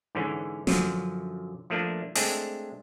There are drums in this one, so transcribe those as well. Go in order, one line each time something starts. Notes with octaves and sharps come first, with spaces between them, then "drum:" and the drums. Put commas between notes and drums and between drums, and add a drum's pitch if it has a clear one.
G#2 D3 E3 C#4
F#2 D3 F3 F#3, drum: snare
F3 A3 A#3 D4
G#3 A3 C4 D4, drum: open hi-hat